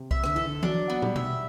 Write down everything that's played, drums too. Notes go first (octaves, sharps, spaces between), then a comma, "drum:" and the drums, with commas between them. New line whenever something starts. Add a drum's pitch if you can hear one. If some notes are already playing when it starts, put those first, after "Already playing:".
Already playing: C3
E5, drum: kick C2
D3, drum: rim click
E3 A4
D3
F#3 D4, drum: tom E3
B3
G3, drum: tom
E5, drum: tom